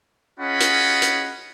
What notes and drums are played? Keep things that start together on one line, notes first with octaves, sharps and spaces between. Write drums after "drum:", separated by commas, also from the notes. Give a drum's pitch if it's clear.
C#4 F4 G#4 D#5 F#5 B5
drum: hi-hat
drum: hi-hat